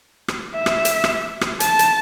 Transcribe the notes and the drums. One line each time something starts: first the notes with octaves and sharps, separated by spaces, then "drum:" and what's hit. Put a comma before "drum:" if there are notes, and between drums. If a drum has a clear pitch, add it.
drum: rim click
E5
drum: rim click
drum: hi-hat
drum: rim click
drum: rim click
A5, drum: hi-hat
drum: hi-hat